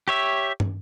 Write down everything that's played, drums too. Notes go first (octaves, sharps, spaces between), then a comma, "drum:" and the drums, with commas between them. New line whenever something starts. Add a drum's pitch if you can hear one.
G4 C#5 E5
drum: tom